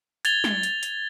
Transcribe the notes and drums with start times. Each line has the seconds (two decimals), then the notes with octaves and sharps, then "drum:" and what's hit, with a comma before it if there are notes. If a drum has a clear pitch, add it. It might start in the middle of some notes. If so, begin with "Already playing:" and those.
0.25 G#6 A6 F7 G7, drum: hi-hat
0.44 drum: snare
0.63 drum: hi-hat
0.83 drum: hi-hat